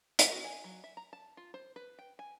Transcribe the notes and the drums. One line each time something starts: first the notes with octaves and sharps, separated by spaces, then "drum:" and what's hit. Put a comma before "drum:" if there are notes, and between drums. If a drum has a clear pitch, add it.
D#5, drum: hi-hat
F#4
G#5
F#3
E5
A#5
A5
F4
C5
B4
G5
G#5